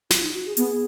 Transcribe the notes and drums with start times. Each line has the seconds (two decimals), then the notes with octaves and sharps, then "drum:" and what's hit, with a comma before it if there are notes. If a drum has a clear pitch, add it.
0.10 F4, drum: snare
0.22 D#4
0.34 F#4
0.46 G#4
0.57 B3 G#4, drum: hi-hat